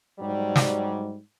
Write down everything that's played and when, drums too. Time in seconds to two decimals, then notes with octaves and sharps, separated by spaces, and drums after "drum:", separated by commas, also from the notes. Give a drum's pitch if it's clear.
0.20 G#2 F#3 G3
0.56 drum: snare